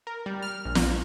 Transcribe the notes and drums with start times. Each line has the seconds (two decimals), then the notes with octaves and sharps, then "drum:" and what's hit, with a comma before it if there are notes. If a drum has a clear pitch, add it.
0.07 A#4
0.26 G3
0.42 F6
0.65 A#1
0.75 drum: snare